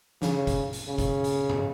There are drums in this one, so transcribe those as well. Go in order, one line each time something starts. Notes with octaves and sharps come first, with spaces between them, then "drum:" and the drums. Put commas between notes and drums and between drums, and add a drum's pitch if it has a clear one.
C#3, drum: snare
drum: kick, hi-hat
drum: hi-hat
C#3
drum: kick, hi-hat
drum: hi-hat
drum: tom G#2